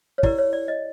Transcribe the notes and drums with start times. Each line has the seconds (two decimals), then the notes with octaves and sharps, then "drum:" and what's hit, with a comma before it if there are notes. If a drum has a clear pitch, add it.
0.18 C#5
0.23 E4 G4 A#4 D5, drum: kick
0.38 C#5
0.53 D5
0.68 D#5